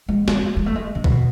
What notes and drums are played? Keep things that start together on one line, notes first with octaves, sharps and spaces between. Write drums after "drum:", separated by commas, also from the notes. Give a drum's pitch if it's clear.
G#3
G#3, drum: snare
G#3
A3
G#3
D3
B2, drum: kick